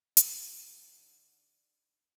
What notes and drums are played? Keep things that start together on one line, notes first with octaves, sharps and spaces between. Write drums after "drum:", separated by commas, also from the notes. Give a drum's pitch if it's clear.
D3 D#4 G4 A4, drum: hi-hat